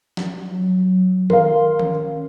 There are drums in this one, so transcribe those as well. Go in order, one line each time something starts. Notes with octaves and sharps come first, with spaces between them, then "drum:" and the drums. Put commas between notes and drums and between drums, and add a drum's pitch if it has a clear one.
drum: snare
F#3
A#4 F5 C6, drum: tom D#3
C#4, drum: tom D#3